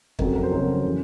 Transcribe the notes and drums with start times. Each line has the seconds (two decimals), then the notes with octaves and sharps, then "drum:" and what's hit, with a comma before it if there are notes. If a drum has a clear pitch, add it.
0.19 F2 C#3 F#3 A#4, drum: kick
0.35 A#4
0.43 C5
0.51 F2 C#3 F#3 C#5
0.86 C#3 E3